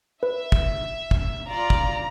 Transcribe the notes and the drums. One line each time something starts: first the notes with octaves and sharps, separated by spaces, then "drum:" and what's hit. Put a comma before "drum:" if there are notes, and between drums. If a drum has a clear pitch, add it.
B4 E5
drum: kick
drum: kick
F4 D5 A#5
drum: kick